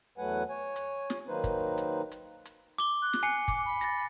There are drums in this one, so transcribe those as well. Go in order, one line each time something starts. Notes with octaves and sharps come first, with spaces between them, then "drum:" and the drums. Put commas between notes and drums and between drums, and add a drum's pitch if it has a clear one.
E2 F#3 A3 B4 F#5 G#5
C#5 G#5
drum: hi-hat
drum: snare
D#3 F#3 A#3 D#4 B4 C5
drum: kick, hi-hat
drum: hi-hat
drum: hi-hat
drum: hi-hat
D6 G7, drum: hi-hat
F#6
drum: snare
G#5 C7 C#7
D6, drum: kick, hi-hat
B5
A6 A#6, drum: hi-hat